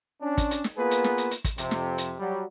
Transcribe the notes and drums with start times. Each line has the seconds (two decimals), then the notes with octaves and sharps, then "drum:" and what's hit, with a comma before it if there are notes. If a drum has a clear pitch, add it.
0.21 C#4 D4
0.38 drum: kick, hi-hat
0.51 drum: hi-hat
0.64 drum: snare
0.77 A#3 B3 F4 G#4 B4
0.91 drum: hi-hat
1.04 drum: snare
1.18 drum: hi-hat
1.31 drum: hi-hat
1.44 drum: kick, hi-hat
1.58 F2 C3, drum: hi-hat
1.71 drum: snare
1.98 drum: hi-hat
2.19 F#3 G3